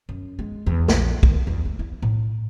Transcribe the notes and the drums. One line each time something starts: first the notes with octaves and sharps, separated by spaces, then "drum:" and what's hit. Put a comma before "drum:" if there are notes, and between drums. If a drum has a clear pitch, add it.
F#2
G#3
E2
A#1, drum: snare
D#3, drum: kick
E2
G#3
E4
A2